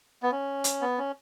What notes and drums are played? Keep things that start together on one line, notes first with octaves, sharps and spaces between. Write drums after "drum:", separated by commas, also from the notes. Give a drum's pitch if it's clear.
B3
C#4
drum: hi-hat
B3
C#4